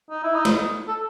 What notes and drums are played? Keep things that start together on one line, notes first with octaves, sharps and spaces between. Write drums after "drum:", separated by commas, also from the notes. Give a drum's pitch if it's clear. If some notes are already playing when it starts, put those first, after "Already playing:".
D#4
E4
D#4
drum: snare
A4